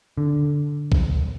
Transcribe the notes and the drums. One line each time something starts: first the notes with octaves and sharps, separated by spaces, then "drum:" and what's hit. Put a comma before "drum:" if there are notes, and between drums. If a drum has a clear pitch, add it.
D3
drum: kick